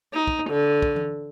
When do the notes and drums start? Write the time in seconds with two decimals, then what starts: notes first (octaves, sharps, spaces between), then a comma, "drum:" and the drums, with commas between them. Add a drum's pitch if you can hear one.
0.14 D#4
0.27 drum: kick
0.50 D3
0.82 drum: kick
0.96 drum: tom E3